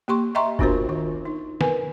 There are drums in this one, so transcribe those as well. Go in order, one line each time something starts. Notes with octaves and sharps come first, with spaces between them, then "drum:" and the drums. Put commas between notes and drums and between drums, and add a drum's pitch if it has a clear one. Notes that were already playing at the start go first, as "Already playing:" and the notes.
A#3 G4 C6 C#6
D#5 E5 G5 A#5 C6 C#6
B3 D4 F4 F#4 A#4 C5, drum: kick F1
D#3 F4
D#4
A#4 B4 G#5, drum: snare